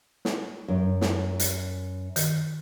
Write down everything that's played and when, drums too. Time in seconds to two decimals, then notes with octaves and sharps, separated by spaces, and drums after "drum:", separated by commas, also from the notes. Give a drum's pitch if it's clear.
0.25 drum: snare
0.68 F#2
1.01 drum: snare
1.40 drum: hi-hat
2.16 D#3, drum: hi-hat